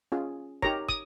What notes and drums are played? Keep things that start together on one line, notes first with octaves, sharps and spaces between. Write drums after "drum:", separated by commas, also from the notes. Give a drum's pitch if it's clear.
C#4 F4 G#4
D#4 G4 A#4 C#5 A#5, drum: kick
D#6, drum: kick